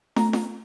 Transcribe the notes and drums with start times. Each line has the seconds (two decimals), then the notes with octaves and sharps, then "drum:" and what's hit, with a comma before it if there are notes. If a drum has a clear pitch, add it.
0.16 A3 A#5, drum: snare
0.33 drum: snare